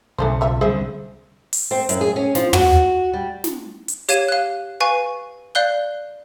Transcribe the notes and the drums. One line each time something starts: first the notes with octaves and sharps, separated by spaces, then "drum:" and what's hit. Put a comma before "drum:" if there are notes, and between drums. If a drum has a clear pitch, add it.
B1 C#3 E3 A4 C5
F4 E5
C2 D3 G#4 C5 E5
drum: open hi-hat
C4
F#2, drum: hi-hat
G#4
C#4
F3, drum: snare
F#4, drum: tom
G3
drum: snare
drum: hi-hat
G4 C#5 F5 G#6 D#7 E7, drum: hi-hat
F5 F#6
B4 F5 G#5 C#6
D5 F5 F#6 G6 G7